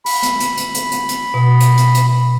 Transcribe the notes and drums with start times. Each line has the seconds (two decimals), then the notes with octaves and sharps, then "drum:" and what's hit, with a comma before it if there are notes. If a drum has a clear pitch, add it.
0.06 B5, drum: open hi-hat
0.23 drum: hi-hat
0.40 drum: hi-hat
0.57 drum: hi-hat
0.74 drum: hi-hat
0.91 drum: hi-hat
1.09 drum: hi-hat
1.34 B2
1.60 drum: hi-hat
1.77 drum: hi-hat
1.94 drum: hi-hat